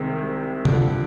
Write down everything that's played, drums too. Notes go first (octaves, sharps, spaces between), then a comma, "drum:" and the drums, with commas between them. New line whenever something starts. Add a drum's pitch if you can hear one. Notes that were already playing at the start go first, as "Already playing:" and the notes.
Already playing: C2 C3 D#3 G#3 C4
G2 D3 F3, drum: tom C3